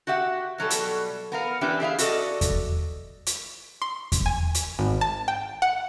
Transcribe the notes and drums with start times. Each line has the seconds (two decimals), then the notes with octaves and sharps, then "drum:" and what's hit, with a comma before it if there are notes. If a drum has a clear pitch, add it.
0.07 F#4 G4 E5 F#5
0.58 B2 F#3 G3 A4
0.70 drum: hi-hat
1.32 B3 A#4 F5
1.61 E3 D4 G4 B4 E5
1.80 G4 G#4 E5 F5
1.98 F#4 A4 D5 D#5, drum: hi-hat
2.41 drum: kick E2, hi-hat
3.26 drum: hi-hat
3.82 C6
4.12 drum: kick E2, hi-hat
4.26 G#5
4.54 drum: hi-hat
4.79 G#1
5.01 A5
5.28 G5
5.62 F#5